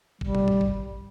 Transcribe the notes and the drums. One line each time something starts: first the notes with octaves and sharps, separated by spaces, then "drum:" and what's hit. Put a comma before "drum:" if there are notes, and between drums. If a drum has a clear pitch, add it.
G3, drum: kick G#1
drum: tom
drum: tom G2
drum: kick G#1